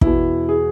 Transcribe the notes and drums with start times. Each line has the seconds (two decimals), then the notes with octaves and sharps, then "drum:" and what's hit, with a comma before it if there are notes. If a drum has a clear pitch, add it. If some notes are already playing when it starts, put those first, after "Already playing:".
0.01 E2 B2 E4, drum: kick
0.49 G#4